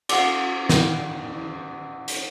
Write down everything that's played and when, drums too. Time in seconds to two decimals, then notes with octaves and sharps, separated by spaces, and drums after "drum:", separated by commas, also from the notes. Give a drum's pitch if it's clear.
0.09 F5 F#5 G#5 D6, drum: cymbal
0.69 drum: snare
2.08 drum: hi-hat